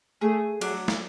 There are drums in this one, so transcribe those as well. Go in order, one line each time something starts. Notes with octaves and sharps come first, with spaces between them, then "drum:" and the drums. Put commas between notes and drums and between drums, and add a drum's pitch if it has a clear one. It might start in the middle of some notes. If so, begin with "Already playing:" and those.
A3 G#4
F#3 D4, drum: cymbal
drum: snare